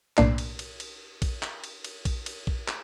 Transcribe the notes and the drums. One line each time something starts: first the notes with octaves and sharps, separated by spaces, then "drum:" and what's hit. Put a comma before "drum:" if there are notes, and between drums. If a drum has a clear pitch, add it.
B1 A2 A#3 D4 C7, drum: clap
drum: cymbal
drum: cymbal
drum: cymbal
drum: kick A#1, cymbal
drum: clap
drum: cymbal
drum: cymbal
drum: kick A#1, cymbal
drum: cymbal
drum: kick A#1
drum: clap